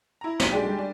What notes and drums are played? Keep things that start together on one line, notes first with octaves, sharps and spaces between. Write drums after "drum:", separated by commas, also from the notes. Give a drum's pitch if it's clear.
E4 A#5
B1 B6 D#7, drum: snare
G#3 D4 G4
G3 A3
D4